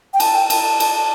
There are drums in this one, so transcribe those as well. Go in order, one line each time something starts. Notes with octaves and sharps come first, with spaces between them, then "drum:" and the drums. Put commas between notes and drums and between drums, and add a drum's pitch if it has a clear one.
G5
A5, drum: cymbal
G5
A5, drum: cymbal
A5, drum: cymbal
A5